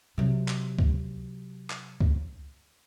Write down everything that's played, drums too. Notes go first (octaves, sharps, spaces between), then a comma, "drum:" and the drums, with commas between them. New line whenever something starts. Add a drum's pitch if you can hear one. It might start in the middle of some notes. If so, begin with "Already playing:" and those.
C3 F#3
drum: clap
drum: kick C#2
drum: clap
drum: kick C#2